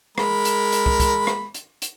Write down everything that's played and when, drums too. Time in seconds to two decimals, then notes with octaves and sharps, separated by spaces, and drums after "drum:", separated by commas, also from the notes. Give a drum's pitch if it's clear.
0.18 G#3 A#4 B5, drum: rim click
0.45 drum: hi-hat
0.72 drum: hi-hat
0.86 drum: kick
1.00 drum: kick, hi-hat
1.27 drum: rim click
1.54 drum: hi-hat
1.82 drum: hi-hat